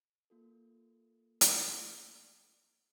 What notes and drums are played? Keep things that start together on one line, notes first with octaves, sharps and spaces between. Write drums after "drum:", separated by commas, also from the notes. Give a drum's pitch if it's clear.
A#3 F4 A4
drum: hi-hat